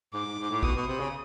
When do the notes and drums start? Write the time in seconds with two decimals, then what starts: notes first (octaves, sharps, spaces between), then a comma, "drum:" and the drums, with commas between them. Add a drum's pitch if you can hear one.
0.14 G#2 D6
0.26 G#2
0.39 G#2
0.50 A2
0.63 B2 D#6, drum: kick
0.76 B2
0.87 C3
1.00 C#3